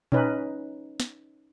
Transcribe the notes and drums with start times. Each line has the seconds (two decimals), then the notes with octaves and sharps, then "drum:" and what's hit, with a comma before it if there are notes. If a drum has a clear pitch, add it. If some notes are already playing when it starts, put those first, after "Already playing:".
0.12 C#4 D#4 B4, drum: tom A#2
1.00 drum: snare